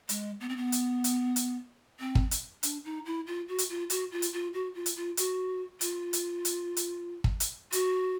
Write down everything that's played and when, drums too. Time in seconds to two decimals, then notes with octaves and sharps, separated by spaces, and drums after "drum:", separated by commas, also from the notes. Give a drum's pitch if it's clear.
0.09 G#3, drum: hi-hat
0.40 B3
0.49 C4
0.57 B3
0.72 drum: hi-hat
1.04 drum: hi-hat
1.36 drum: hi-hat
1.99 C4
2.15 drum: kick
2.31 drum: hi-hat
2.63 D4, drum: hi-hat
2.84 D#4
3.05 E4
3.27 F4
3.48 F#4
3.58 drum: hi-hat
3.69 F4
3.90 F#4, drum: hi-hat
4.11 F4
4.22 drum: hi-hat
4.33 F4
4.53 F#4
4.74 F4
4.86 drum: hi-hat
4.96 F4
5.17 F#4, drum: hi-hat
5.81 F4, drum: hi-hat
6.13 drum: hi-hat
6.45 drum: hi-hat
6.77 drum: hi-hat
7.24 drum: kick
7.40 drum: hi-hat
7.72 F#4, drum: hi-hat